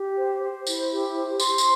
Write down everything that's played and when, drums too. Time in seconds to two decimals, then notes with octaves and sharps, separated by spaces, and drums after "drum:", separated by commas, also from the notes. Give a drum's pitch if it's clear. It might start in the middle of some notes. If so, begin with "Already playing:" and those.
Already playing: G4
0.17 C5
0.42 C5
0.67 E4, drum: tambourine
0.91 G4
1.16 C5
1.40 C5 C6, drum: tambourine
1.58 drum: tambourine